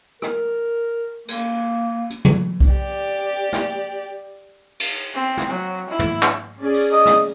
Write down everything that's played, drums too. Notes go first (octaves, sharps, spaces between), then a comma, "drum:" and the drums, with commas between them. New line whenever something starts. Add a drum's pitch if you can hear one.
A#4, drum: rim click
A#3, drum: cymbal
drum: hi-hat
drum: tom
drum: kick B1
G4 D5
drum: snare
drum: cymbal
C4
drum: snare
F#3
E4
drum: tom
drum: clap
C#4 G#4 D5
drum: open hi-hat
D#5
drum: snare